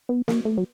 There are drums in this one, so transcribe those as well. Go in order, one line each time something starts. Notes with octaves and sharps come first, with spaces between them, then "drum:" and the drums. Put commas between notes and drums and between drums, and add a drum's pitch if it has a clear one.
B3
A#3, drum: snare
A3
F#3